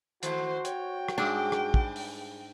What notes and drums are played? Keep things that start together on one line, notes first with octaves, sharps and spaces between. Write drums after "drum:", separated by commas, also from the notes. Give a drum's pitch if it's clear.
D#3 A3 F#4 C5, drum: hi-hat
C#5 G5, drum: hi-hat
drum: rim click
G#2 G3 D4 G#4
drum: rim click
drum: kick
drum: open hi-hat